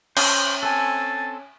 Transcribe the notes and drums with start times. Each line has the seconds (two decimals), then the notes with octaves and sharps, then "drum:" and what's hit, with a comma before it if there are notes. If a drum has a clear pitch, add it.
0.17 C#4 C5, drum: cymbal
0.63 C4 A4 G#5 A5